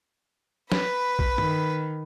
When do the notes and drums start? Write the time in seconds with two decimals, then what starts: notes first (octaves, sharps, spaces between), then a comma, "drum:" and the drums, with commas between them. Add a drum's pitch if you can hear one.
0.72 B4 B5, drum: snare
1.19 drum: kick
1.38 D#3, drum: tom G2